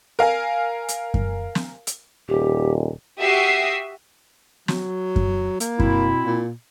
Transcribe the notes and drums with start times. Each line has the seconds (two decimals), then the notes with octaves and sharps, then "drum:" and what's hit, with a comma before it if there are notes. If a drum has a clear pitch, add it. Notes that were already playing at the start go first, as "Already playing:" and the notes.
0.19 A#4 F5 G#5
0.88 drum: hi-hat
1.14 drum: kick F#2
1.55 drum: snare
1.87 drum: hi-hat
2.29 D#1 G4
3.20 F#4 G4 E5 D#6 C7
4.68 F#3, drum: snare
5.16 drum: kick F#2
5.60 A#3, drum: hi-hat
5.80 B2 C4 E4, drum: kick F#2
6.25 A#2